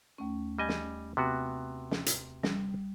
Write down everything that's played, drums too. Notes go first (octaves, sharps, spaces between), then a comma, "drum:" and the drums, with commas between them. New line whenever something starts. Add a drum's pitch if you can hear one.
D#2 A3 C#4
G3 D#5 G#5
drum: snare
C3 B3 F#4
drum: snare
drum: hi-hat
G3, drum: snare